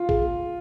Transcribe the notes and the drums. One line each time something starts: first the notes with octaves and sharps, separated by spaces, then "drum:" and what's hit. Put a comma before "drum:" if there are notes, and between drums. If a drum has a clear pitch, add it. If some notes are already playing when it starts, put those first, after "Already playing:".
Already playing: F4
G#4, drum: kick